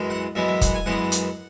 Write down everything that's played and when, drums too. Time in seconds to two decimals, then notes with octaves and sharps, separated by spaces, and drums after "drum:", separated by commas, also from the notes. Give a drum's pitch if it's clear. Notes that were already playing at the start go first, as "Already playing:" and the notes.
Already playing: F#2 E3 G#3
0.10 F#5
0.35 F#2 E3 G#3 B3 E5
0.48 E5
0.61 F#5, drum: kick, hi-hat
0.74 G#5
0.86 F#2 E3 G#3 B3 F#5
1.12 drum: hi-hat